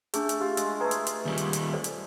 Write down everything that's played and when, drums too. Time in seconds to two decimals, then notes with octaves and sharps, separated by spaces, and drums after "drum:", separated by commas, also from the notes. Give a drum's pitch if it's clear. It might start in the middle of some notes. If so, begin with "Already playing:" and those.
0.14 A3 D4 G#4, drum: hi-hat
0.29 drum: hi-hat
0.40 F4 G4
0.57 G#3 E6, drum: hi-hat
0.80 A3 G#4 B4 A#5
0.91 drum: hi-hat
1.07 drum: hi-hat
1.25 D#2 G3
1.38 drum: hi-hat
1.53 drum: hi-hat
1.73 A4 C5 D5
1.84 drum: hi-hat